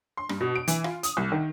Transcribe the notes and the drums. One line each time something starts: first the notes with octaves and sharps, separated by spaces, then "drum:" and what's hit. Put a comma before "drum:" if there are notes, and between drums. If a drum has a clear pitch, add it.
C6
G2, drum: rim click
B2
D7
E3, drum: hi-hat
F4, drum: rim click
D#6, drum: hi-hat
C2
D#3